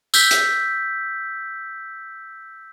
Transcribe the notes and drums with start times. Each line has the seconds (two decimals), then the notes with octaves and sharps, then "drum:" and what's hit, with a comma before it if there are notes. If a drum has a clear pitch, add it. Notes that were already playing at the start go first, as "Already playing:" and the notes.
0.14 E6 G6 B6, drum: tambourine
0.31 drum: hi-hat